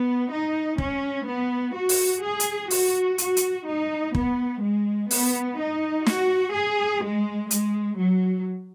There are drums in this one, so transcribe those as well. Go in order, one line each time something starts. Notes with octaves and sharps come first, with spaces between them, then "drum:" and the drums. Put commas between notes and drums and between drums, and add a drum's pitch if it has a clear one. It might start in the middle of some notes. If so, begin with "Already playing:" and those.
Already playing: B3
D#4
C#4, drum: kick
B3
F#4
drum: open hi-hat
G#4
drum: hi-hat
F#4, drum: open hi-hat
F#4, drum: hi-hat
drum: hi-hat
D#4
B3, drum: kick
G#3
B3, drum: open hi-hat
D#4
F#4, drum: snare
G#4
G#3
G#3, drum: hi-hat
F#3